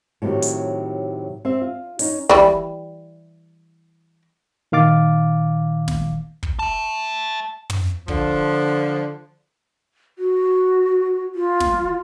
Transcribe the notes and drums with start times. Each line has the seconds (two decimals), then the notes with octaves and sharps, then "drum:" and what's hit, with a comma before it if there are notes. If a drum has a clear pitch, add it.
0.22 A2 C3 D#3 F#3
0.42 drum: hi-hat
1.45 C4 E5
1.62 F4
1.99 C#4 D#4, drum: open hi-hat
2.29 E3 G3, drum: snare
4.72 A#2 D#3 F5 D6 A6
5.88 drum: snare
6.43 drum: kick
6.59 E5 A5
7.70 drum: tom
8.08 D3 F3, drum: kick
10.18 F#4
11.35 F4
11.60 drum: snare